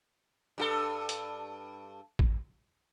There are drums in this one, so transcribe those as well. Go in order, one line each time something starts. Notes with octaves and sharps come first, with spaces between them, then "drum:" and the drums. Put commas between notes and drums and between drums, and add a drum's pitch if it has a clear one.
G2 F#4 A4
drum: hi-hat
drum: kick A1